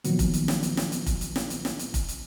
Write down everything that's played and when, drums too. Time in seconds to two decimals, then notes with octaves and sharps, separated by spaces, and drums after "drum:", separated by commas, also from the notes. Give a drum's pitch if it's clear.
0.04 A#2 D#3 F3 F#3 B3, drum: hi-hat
0.19 drum: kick F1, hi-hat
0.34 drum: hi-hat
0.48 drum: snare
0.63 drum: hi-hat
0.77 drum: snare
0.92 drum: hi-hat
1.06 drum: kick F1, hi-hat
1.21 drum: hi-hat
1.36 drum: snare
1.50 drum: hi-hat
1.65 drum: snare
1.79 drum: hi-hat
1.94 drum: kick F1, hi-hat
2.09 drum: hi-hat